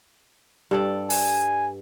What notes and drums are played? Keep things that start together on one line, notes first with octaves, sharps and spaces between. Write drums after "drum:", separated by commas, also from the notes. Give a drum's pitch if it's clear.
G2 A4 D5
G#5, drum: open hi-hat